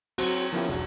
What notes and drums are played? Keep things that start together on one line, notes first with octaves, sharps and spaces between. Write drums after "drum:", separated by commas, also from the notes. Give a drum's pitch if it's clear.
F#3 C4 F#4, drum: cymbal
F3 A#3 B3 C#4 E4 G4
E1 B1 F#4